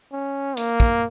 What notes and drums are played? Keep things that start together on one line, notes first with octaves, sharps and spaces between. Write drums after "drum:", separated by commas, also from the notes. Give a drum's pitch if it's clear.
C#4
A#3, drum: hi-hat
drum: kick